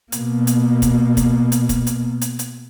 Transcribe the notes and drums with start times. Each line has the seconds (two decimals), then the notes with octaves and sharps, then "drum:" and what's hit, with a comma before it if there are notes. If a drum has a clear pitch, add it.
0.12 B2 A#3, drum: hi-hat
0.47 drum: hi-hat
0.82 drum: kick, hi-hat
1.17 drum: kick, hi-hat
1.52 drum: hi-hat
1.69 drum: kick, hi-hat
1.87 drum: hi-hat
2.21 drum: hi-hat
2.39 drum: hi-hat